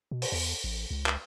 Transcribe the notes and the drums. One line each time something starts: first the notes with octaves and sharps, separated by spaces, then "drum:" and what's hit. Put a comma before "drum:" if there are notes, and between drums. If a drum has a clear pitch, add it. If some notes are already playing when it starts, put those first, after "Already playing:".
B2
drum: open hi-hat
E2
A1
C#2
drum: clap